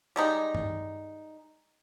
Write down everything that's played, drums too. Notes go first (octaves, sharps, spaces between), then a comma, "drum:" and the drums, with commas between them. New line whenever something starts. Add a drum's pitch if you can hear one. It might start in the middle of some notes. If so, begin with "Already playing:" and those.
G3 G#3 D#4
drum: tom G2